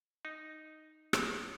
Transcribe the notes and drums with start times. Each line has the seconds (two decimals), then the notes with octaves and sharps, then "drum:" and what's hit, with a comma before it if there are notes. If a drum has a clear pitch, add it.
0.25 D#4
1.13 drum: rim click